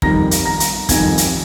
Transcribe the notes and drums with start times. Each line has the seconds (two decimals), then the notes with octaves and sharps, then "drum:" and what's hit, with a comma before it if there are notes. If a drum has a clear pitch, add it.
0.02 F2 D#3 G3 A#5 A#6, drum: kick
0.31 drum: hi-hat
0.45 A#5 A#6
0.60 drum: hi-hat
0.89 F2 D#3 G3 G#5 G#6, drum: kick, hi-hat
1.18 drum: hi-hat